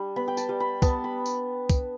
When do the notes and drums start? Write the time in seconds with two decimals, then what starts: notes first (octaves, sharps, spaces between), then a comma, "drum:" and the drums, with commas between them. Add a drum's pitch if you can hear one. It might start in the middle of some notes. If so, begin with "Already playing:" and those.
Already playing: G3 D4
0.16 B3 B5
0.28 G5
0.37 A5, drum: tambourine
0.49 G3
0.60 B5
0.82 B3 A5, drum: kick, tambourine
1.04 B5
1.26 drum: tambourine
1.70 drum: kick, tambourine